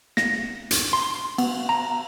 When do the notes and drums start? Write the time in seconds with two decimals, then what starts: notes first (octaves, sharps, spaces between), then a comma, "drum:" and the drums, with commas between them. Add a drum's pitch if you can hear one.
0.17 A#6, drum: snare
0.71 drum: hi-hat
0.93 C6
1.38 B3, drum: cymbal
1.69 A#5